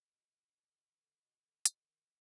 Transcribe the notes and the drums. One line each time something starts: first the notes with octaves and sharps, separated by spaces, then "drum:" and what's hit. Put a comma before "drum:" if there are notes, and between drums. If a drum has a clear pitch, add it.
B2
B2
A#2
B2
D3
B2
D3
B2
D3
B2, drum: hi-hat
D3
D#3